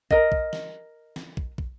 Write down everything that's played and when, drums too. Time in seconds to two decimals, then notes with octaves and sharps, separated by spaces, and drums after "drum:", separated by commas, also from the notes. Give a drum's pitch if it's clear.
0.11 A#4 D#5, drum: kick
0.32 drum: kick
0.53 drum: snare
1.16 drum: snare
1.37 drum: kick
1.58 drum: kick